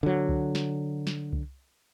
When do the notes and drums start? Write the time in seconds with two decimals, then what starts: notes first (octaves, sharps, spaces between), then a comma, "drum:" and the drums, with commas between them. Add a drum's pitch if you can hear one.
0.03 D3 F#3
0.29 drum: kick C2
0.55 drum: snare
1.07 drum: snare
1.33 drum: kick C2